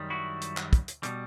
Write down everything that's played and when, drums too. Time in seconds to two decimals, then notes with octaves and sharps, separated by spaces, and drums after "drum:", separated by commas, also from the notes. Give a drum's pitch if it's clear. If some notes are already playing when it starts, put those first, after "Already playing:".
Already playing: F#2 D#3 G3
0.10 E4 F#4
0.42 drum: hi-hat
0.57 drum: clap
0.73 drum: kick, hi-hat
0.88 drum: hi-hat
1.03 B2 G3, drum: hi-hat